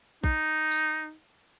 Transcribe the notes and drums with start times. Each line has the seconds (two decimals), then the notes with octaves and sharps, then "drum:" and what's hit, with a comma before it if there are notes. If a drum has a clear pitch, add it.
0.24 D#4, drum: kick
0.71 drum: tambourine